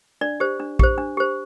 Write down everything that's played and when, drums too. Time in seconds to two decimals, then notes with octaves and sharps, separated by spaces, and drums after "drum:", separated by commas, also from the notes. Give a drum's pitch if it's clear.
0.21 D4 D5
0.40 G4 C5
0.59 D4
0.79 G4 C5, drum: kick
0.98 D4
1.17 G4 C5